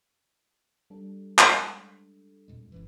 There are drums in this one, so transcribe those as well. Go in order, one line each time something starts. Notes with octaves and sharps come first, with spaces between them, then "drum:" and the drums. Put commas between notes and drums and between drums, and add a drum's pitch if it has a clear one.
G3 D4 A4
drum: clap
G#3
F2 A#2 G#3
F1 F#2 E3